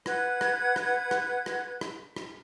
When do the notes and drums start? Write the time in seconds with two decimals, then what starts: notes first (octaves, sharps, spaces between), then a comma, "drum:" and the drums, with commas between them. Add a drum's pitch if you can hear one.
0.06 B4 F#5 G#6, drum: rim click
0.41 drum: rim click
0.76 drum: rim click
1.11 drum: rim click
1.46 drum: rim click
1.81 drum: rim click
2.16 drum: rim click